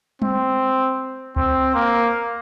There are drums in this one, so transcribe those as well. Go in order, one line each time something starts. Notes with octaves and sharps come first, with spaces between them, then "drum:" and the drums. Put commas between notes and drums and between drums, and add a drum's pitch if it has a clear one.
C4, drum: tom G3
C4, drum: kick C#2
A#3